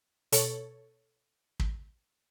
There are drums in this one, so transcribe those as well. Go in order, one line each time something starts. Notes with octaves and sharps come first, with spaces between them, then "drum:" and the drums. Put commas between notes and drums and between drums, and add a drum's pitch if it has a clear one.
B2 A4 C#5, drum: hi-hat
drum: kick